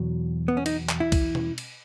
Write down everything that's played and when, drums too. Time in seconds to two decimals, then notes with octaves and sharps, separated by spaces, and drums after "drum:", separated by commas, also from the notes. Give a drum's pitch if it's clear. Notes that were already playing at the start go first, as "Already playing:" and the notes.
Already playing: E2 B2 F#3
0.48 B3
0.57 C#4
0.66 D#4, drum: cymbal
0.89 drum: clap
1.00 E4
1.12 drum: kick C2, cymbal
1.35 drum: tom B2
1.58 drum: cymbal